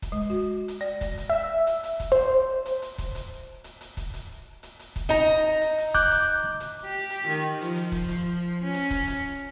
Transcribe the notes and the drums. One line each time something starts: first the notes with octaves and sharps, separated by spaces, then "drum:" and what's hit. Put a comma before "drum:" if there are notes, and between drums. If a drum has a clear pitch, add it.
drum: kick, hi-hat
G#3
F#4
drum: hi-hat
D5
drum: kick, hi-hat
drum: hi-hat
E5
drum: hi-hat
drum: hi-hat
drum: kick, hi-hat
C5
drum: hi-hat
drum: hi-hat
drum: kick, hi-hat
drum: hi-hat
drum: hi-hat
drum: hi-hat
drum: kick, hi-hat
drum: hi-hat
drum: hi-hat
drum: hi-hat
drum: kick, hi-hat
D#4 A#5
drum: hi-hat
drum: hi-hat
D6 F#6 G6, drum: kick, hi-hat
drum: hi-hat
drum: hi-hat
G4
drum: hi-hat
D#3
F3, drum: hi-hat
drum: hi-hat
drum: kick, hi-hat
drum: hi-hat
C#4
drum: hi-hat
drum: kick, hi-hat
drum: hi-hat